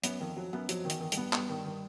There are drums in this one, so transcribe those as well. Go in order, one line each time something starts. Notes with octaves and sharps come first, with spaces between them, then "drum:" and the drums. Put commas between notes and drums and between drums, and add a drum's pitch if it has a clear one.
F#2 B3, drum: hi-hat
F2 D#3
F2 F#3
F#2 B3
F2 F#3, drum: hi-hat
D#3
E2, drum: hi-hat
D#3
G2, drum: hi-hat
B3
G2 B3, drum: clap
D#3
D#3